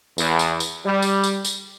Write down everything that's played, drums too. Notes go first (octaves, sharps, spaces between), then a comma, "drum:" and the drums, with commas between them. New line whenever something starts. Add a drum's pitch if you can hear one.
E2, drum: tambourine
drum: tambourine
drum: tambourine
G3
drum: tambourine
drum: tambourine
drum: tambourine